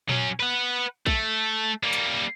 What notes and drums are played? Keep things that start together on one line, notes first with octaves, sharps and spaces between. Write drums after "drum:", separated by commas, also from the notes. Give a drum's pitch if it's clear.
F#3 C#4, drum: tom A#2
B4 F#5
A3, drum: kick A#1
G3 A#3
drum: hi-hat